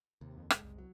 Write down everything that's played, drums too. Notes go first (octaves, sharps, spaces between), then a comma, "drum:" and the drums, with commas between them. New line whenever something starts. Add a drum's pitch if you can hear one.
D#2 C3
F2
F#1 G#3 A3, drum: rim click
C2
F#3